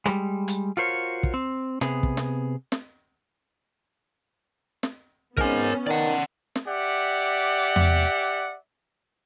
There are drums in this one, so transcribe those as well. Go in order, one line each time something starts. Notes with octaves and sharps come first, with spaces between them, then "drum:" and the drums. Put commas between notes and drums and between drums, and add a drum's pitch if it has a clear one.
G3 G#3, drum: rim click
drum: hi-hat
F4 F#4 A#4 C5 C#5
drum: kick
C4
C3 B3 G#4, drum: snare
drum: kick
drum: snare
drum: snare
drum: snare
G#2 B3 C#4 A#4 G#5, drum: kick
D#3 D5 F#5
drum: snare
G4 D5 E5 F#5
drum: tom E2